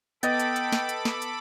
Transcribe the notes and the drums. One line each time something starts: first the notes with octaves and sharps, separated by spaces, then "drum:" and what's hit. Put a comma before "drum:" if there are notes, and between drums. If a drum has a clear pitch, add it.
B3 A4 D#5 G5 B5 D6 D#6 A6, drum: hi-hat
drum: hi-hat
drum: hi-hat
drum: snare
drum: hi-hat
drum: snare
drum: hi-hat